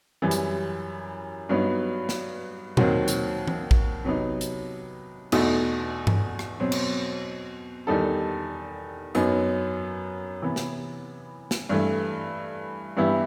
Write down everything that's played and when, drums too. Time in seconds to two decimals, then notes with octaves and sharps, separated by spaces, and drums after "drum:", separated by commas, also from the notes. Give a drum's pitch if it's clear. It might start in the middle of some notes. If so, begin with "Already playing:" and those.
0.22 F#2 E3 G3
0.31 drum: hi-hat
1.49 G2 F#3 B3 D#4
2.09 drum: snare
2.77 D#2 D#3 F#3 C4 F#4, drum: tom A#2
3.08 drum: hi-hat
3.48 drum: tom
3.71 drum: kick A#1
4.05 C3 F#3 B3 D#4
4.41 drum: hi-hat
5.32 E2 B2 A3 D#4 F#4, drum: cymbal
6.07 drum: tom G2
6.39 drum: rim click
6.60 B2 F#3 C4
6.72 drum: cymbal
7.87 E2 D#3 G3 D#4 A4
9.15 F#2 F#3 B3 D#4, drum: tambourine
10.42 C3 E3 B3
10.56 drum: snare
11.51 drum: snare
11.69 G2 E3 A3
12.97 G2 E3 B3 E4 G4